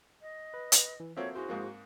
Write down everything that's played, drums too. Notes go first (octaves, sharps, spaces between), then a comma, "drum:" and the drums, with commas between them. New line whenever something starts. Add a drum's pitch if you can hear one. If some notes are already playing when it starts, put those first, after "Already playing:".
D#5
B4
drum: hi-hat
E3
F3 A#3 C4 F#4 A4 C#5 E5
E4 F#4 G#4 C5
G#2 A#3 C4